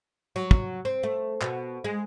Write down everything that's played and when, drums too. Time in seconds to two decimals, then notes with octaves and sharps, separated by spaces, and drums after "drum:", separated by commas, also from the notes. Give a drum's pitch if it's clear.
0.36 F#3
0.51 drum: kick
0.85 C4
1.03 A3
1.41 B2, drum: clap
1.84 G#3